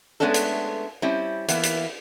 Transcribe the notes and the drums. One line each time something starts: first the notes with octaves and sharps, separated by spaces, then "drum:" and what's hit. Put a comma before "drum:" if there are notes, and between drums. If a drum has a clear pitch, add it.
G#3 A3 B3 C#4 D4 A4
drum: hi-hat
G3 C4 C#4 E4
E3 A#3 B3 E4, drum: hi-hat
drum: hi-hat